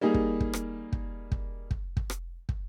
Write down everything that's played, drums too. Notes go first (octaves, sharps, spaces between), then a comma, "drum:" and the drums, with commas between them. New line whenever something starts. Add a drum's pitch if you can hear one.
G3 A#3 D#4 G#4
drum: kick
drum: kick
drum: rim click
drum: kick
drum: kick
drum: kick
drum: kick
drum: rim click
drum: kick